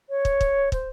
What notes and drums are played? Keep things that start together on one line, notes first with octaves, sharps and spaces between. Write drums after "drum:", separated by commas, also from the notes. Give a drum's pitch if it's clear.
C#5
drum: kick
drum: kick
C5, drum: kick